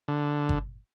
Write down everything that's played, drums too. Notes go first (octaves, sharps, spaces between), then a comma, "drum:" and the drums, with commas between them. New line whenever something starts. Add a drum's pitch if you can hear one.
D3
drum: kick G1